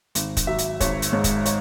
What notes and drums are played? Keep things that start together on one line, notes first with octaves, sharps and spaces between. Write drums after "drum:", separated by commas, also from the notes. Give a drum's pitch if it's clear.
G#1, drum: hi-hat
drum: kick, hi-hat
F#3 E5
drum: hi-hat
G#1 C#5, drum: kick, hi-hat
drum: hi-hat
G#2 C#5
drum: kick, hi-hat
C#5, drum: hi-hat